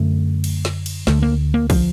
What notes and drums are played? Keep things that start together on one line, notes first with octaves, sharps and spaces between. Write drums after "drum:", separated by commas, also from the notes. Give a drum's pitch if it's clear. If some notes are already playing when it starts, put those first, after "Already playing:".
Already playing: F#2 D3 A3
drum: cymbal
drum: snare
drum: cymbal
D2 D3 A3, drum: snare
A#3
A#3
F3, drum: kick, cymbal